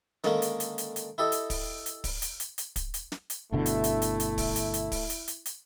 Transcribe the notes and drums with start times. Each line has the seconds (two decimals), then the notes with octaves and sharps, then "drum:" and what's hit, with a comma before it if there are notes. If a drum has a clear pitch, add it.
0.24 D3 D#3 G#3 A#3 C#4 D#4, drum: snare
0.42 drum: hi-hat
0.60 drum: hi-hat
0.78 drum: hi-hat
0.96 drum: hi-hat
1.18 E4 G4 A4 D#5
1.32 drum: hi-hat
1.50 drum: kick, open hi-hat
1.86 drum: hi-hat
2.04 drum: kick, open hi-hat
2.22 drum: hi-hat
2.40 drum: hi-hat
2.58 drum: hi-hat
2.76 drum: kick, hi-hat
2.94 drum: hi-hat
3.12 drum: snare
3.30 drum: hi-hat
3.52 G1 B2 D3 A3 E4
3.66 drum: hi-hat
3.84 drum: hi-hat
4.02 drum: hi-hat
4.20 drum: hi-hat
4.38 drum: kick, open hi-hat
4.56 drum: hi-hat
4.74 drum: hi-hat
4.92 drum: kick, open hi-hat
5.10 drum: hi-hat
5.28 drum: hi-hat
5.46 drum: hi-hat